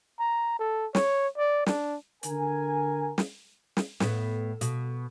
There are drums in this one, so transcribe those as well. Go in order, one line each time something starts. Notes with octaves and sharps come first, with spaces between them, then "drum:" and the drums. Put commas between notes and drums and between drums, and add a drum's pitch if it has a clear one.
A#5
A4
C#5, drum: snare
D5
D4, drum: snare
D3 A#4 G#5, drum: hi-hat
drum: snare
drum: snare
A2 B3, drum: snare
B2, drum: hi-hat